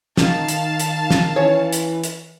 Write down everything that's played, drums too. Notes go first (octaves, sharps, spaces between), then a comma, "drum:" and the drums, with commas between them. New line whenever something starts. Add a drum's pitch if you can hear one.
D#3 F5 A5, drum: snare
drum: hi-hat
drum: hi-hat
drum: snare
E3 C#4 C#5
drum: hi-hat
drum: hi-hat